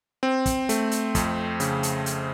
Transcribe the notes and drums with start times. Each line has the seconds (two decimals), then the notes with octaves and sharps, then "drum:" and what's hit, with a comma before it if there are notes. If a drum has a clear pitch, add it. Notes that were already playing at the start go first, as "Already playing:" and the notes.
0.23 C4
0.46 drum: kick, hi-hat
0.69 A3, drum: hi-hat
0.91 drum: hi-hat
1.15 F2, drum: kick, hi-hat
1.60 C#3, drum: hi-hat
1.83 drum: hi-hat
2.06 drum: hi-hat